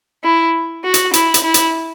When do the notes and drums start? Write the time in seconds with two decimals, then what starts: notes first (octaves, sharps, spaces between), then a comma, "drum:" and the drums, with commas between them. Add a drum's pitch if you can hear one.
0.24 E4
0.84 F#4
0.94 drum: hi-hat
1.13 E4, drum: hi-hat
1.34 drum: hi-hat
1.44 E4
1.54 drum: hi-hat